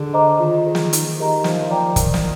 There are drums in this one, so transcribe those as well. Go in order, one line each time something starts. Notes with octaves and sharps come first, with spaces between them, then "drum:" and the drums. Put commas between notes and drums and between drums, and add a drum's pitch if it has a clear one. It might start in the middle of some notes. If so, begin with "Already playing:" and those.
Already playing: D3 G#4
C5 D#5 A#5 D6
D#3 F4
G#4 C5
drum: snare
D#4, drum: hi-hat
G4 A#4 D#5 A#5
F3 A#4, drum: snare
D5 G5 A#5 D6
D#3 A#4, drum: kick, hi-hat
drum: snare